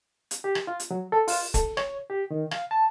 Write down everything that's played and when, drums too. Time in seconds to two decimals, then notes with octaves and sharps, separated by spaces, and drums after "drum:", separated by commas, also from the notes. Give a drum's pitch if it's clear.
0.31 drum: hi-hat
0.44 G4
0.55 drum: rim click
0.67 F4
0.80 drum: hi-hat
0.91 F#3
1.12 A4
1.28 F4, drum: open hi-hat
1.54 A4, drum: kick, hi-hat
1.77 C#5, drum: rim click
2.10 G4
2.31 D#3
2.51 F5, drum: rim click
2.71 A5